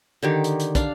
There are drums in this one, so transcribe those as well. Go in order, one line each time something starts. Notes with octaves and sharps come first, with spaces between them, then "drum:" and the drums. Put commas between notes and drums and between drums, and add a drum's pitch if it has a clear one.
D3 D#3 G4
drum: hi-hat
drum: hi-hat
D4 F5, drum: kick, hi-hat